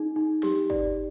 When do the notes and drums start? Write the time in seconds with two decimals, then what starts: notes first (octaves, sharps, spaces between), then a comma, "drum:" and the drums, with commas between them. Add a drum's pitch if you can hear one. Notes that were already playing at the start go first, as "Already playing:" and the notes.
Already playing: D#4 G#4
0.16 D#4
0.43 G4, drum: snare
0.70 D5, drum: kick